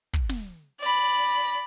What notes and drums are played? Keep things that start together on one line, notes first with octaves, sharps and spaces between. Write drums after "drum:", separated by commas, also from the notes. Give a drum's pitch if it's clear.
drum: kick
drum: snare
D5 B5